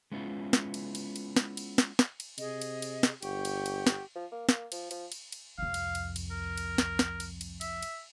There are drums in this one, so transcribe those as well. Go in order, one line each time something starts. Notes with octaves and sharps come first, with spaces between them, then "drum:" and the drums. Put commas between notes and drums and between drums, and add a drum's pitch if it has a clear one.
G#3 B3 C#4 E4 F4
drum: snare
drum: cymbal
drum: cymbal
drum: cymbal
drum: snare
drum: cymbal
drum: snare
drum: snare
drum: cymbal
C3 G#4 D#5, drum: cymbal
drum: cymbal
drum: cymbal
drum: snare
G1 G4 F#5 C#6 G6, drum: cymbal
drum: cymbal
drum: cymbal
drum: snare
F3
A#3
A#3, drum: snare
F3, drum: cymbal
F3, drum: cymbal
drum: cymbal
drum: cymbal
C2 F2 F5
drum: cymbal
drum: cymbal
drum: cymbal
A#4
drum: cymbal
drum: snare
drum: snare
drum: cymbal
drum: cymbal
E5, drum: cymbal
drum: cymbal